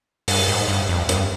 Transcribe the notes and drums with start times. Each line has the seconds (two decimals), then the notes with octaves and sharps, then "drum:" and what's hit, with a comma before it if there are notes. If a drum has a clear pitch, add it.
0.28 G2, drum: open hi-hat
0.48 G#2
0.68 G2
0.89 F2
1.09 G2, drum: hi-hat